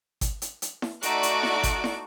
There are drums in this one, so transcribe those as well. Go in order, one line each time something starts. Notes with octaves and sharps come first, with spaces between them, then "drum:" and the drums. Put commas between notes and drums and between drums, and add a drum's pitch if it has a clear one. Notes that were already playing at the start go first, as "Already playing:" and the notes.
drum: kick G1, hi-hat
drum: hi-hat
drum: hi-hat
drum: snare E4
A3 D#4 F#4 D5 F#6 D7, drum: hi-hat
drum: hi-hat
drum: snare E4
drum: kick G1, hi-hat
drum: snare E4